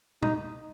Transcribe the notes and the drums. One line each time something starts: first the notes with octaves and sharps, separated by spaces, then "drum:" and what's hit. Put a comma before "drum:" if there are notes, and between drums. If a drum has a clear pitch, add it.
D#4, drum: tom A#2